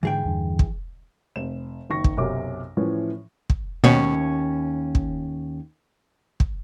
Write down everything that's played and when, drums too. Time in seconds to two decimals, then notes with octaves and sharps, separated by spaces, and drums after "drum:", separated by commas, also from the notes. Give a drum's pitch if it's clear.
0.03 G#2 D3 E3 G#4 G5
0.25 E2 G2 D3
0.59 drum: kick
1.36 F1 E7
1.90 F#1 D#3 C#6 A#6
2.04 drum: kick
2.17 B1 F#2 C3 C#5 D6
2.77 A2 E3 F3 C#4
3.50 drum: kick
3.84 D#2 B2 C#4 C#5
4.95 drum: kick
6.40 drum: kick